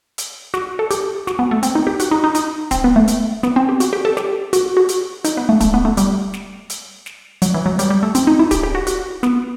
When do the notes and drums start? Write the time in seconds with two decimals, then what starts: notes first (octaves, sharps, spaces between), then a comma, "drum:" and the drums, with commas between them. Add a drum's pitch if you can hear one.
0.18 drum: hi-hat
0.54 F#4, drum: snare
0.79 A4
0.91 G4, drum: hi-hat
1.27 F#4, drum: snare
1.39 B3
1.51 A3
1.63 C4, drum: hi-hat
1.75 D#4
1.87 G4
2.00 F#4, drum: hi-hat
2.11 D#4
2.24 D#4
2.35 D#4, drum: hi-hat
2.71 C4, drum: kick, hi-hat
2.84 B3
2.96 A3
3.08 drum: hi-hat
3.43 B3, drum: snare
3.56 C4
3.69 G4
3.80 F#4, drum: hi-hat
3.93 G4
4.05 A4
4.17 G4, drum: snare
4.53 F#4, drum: hi-hat
4.77 F#4
4.89 drum: hi-hat
5.25 D#4, drum: hi-hat
5.37 B3
5.49 A3
5.61 A3, drum: kick, hi-hat
5.74 B3
5.85 A3
5.97 G3, drum: hi-hat
6.34 drum: snare
6.70 drum: hi-hat
7.06 drum: snare
7.42 F#3, drum: hi-hat
7.54 E3
7.66 F#3
7.79 G3, drum: hi-hat
7.90 G3
8.03 A3
8.15 C4, drum: hi-hat
8.27 D#4
8.39 E4
8.51 G4, drum: kick, hi-hat
8.63 G4
8.75 F#4
8.87 F#4, drum: hi-hat
9.23 B3, drum: snare